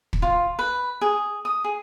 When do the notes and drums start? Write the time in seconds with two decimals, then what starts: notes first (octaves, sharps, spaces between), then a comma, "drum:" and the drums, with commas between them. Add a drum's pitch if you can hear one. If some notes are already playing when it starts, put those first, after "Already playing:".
0.13 drum: kick
0.22 F4
0.59 B4
1.01 G#4
1.45 D#6
1.64 G#4